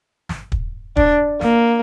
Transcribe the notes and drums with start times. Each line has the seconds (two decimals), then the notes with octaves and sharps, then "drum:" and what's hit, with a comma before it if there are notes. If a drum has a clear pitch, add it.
0.29 drum: snare
0.52 drum: kick
0.97 D4, drum: kick
1.41 A#3, drum: snare